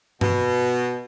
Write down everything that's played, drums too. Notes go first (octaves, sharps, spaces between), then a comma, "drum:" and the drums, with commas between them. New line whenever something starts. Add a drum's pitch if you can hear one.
B2, drum: tom G2